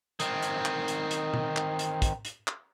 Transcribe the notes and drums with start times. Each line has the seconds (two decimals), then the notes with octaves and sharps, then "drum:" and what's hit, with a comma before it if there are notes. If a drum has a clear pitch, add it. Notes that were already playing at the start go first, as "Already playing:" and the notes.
0.20 D#3 C4, drum: hi-hat
0.42 drum: hi-hat
0.65 drum: clap
0.88 drum: hi-hat
1.11 drum: hi-hat
1.34 drum: tom
1.56 drum: clap
1.79 drum: hi-hat
2.02 drum: kick, hi-hat
2.25 drum: hi-hat
2.47 drum: clap